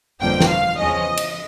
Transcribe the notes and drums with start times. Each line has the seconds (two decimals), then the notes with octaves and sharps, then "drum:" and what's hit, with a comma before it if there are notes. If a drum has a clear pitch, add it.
0.21 G1 F2 D3 F3 A#3 G5
0.40 drum: snare
0.50 F5
0.79 E2 C#3 F3 G#3 C#4 D#5
1.17 drum: cymbal